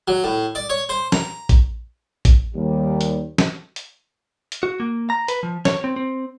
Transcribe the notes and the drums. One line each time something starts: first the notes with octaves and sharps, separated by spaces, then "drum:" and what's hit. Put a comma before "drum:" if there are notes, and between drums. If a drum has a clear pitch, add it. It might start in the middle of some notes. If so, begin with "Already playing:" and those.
F#3
A2
D5
C#5
C5
A#5, drum: snare
drum: kick A1, hi-hat
drum: kick A1, hi-hat
D#2 G3
drum: hi-hat
drum: snare
drum: hi-hat
drum: hi-hat
F#4
A#3
A#5
B4, drum: hi-hat
F3
C#5, drum: snare
C4
C4